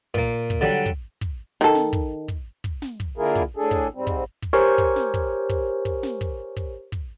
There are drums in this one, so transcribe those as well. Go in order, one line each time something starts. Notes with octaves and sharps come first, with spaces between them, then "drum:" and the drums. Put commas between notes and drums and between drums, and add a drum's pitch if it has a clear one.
A#2 A#3, drum: kick, hi-hat
drum: kick, hi-hat
D3 F#3 G3
drum: kick, hi-hat
drum: kick, hi-hat
D#3 A4
drum: snare
drum: kick, hi-hat
drum: kick
drum: kick, hi-hat
drum: snare
drum: kick, hi-hat
D3 A#3 E4 F4 G#4 A#4
drum: kick, hi-hat
A2 D4 G#4 A4
drum: kick, hi-hat
G#2 G3 C4
drum: kick
drum: kick, hi-hat
G4 A#4 C5 C#5 G#5 C#6
drum: kick, hi-hat
drum: snare
drum: kick, hi-hat
drum: kick, hi-hat
drum: kick, hi-hat
drum: snare
drum: kick, hi-hat
drum: kick, hi-hat
drum: kick, hi-hat